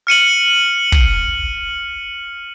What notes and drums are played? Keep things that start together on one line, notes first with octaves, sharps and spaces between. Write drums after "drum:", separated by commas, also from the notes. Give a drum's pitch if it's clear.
F6 C#7 D#7 F#7
drum: kick